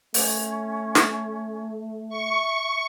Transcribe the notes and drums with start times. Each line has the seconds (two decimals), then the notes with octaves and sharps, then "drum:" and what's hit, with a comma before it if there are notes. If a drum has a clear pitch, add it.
0.14 A3 C#4, drum: open hi-hat
0.95 drum: snare
2.09 E5 C#6